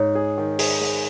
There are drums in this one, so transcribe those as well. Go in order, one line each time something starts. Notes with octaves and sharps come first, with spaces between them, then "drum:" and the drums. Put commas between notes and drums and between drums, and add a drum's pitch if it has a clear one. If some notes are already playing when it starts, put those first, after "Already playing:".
Already playing: G#2 C#5
G#4
D#3
G#4, drum: open hi-hat
G#3